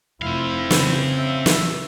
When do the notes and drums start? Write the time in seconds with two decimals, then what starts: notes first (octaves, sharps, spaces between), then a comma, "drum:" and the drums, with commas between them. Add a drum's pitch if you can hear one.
0.22 F1 C4 E4 F5
0.71 C#3, drum: snare
1.18 E5
1.46 drum: snare